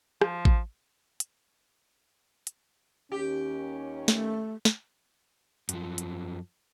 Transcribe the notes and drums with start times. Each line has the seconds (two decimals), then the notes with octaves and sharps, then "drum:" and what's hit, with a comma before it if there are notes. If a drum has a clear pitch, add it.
0.21 F3, drum: rim click
0.45 drum: kick A1
1.20 drum: hi-hat
2.47 drum: hi-hat
3.12 D#2 D#3 C#4 G4
4.08 A3, drum: snare
4.65 drum: snare
5.69 F#2 F3, drum: hi-hat
5.98 drum: hi-hat